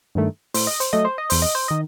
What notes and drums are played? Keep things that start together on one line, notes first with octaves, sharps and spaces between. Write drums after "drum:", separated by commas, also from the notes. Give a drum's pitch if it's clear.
G2 D#3 A3
A2 C5, drum: open hi-hat
D#5
C5, drum: hi-hat
F#3 A3 D#5
C5
D#5
E2 C5, drum: open hi-hat
D#5
C5
D#3 D#5